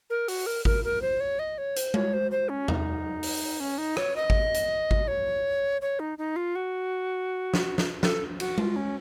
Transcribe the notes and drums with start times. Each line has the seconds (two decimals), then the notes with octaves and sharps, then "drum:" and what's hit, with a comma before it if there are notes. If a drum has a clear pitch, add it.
0.10 A#4
0.28 F#4, drum: open hi-hat
0.46 A#4
0.65 A#4, drum: kick G#1
0.84 A#4
1.02 C5
1.20 C#5
1.39 D#5
1.58 C#5
1.76 C5, drum: hi-hat
1.94 C#5, drum: tom G#3
2.13 C5
2.31 C5
2.49 C#4
2.68 D#4, drum: tom E2
3.23 drum: open hi-hat
3.60 C#4
3.78 D#4
3.97 C#5, drum: rim click
4.16 D#5
4.30 drum: kick G#1
4.54 drum: hi-hat
4.91 drum: kick G#1
5.08 C#5
5.81 C#5
5.99 D#4
6.18 D#4
6.36 F4
6.55 F#4
7.54 drum: snare
7.78 drum: snare
8.03 A4, drum: snare
8.40 F#4, drum: cymbal
8.58 F4, drum: tom G#3
8.76 C#4